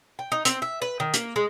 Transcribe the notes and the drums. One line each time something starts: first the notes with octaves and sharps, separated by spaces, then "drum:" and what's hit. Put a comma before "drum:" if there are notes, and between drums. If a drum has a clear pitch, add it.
G5
D#4
C4, drum: hi-hat
E5
B4
D#3
A#3, drum: hi-hat
G#3